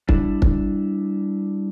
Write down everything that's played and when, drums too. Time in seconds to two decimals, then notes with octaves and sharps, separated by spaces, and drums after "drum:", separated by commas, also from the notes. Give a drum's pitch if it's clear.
0.09 G3 D4 E4, drum: kick
0.42 drum: kick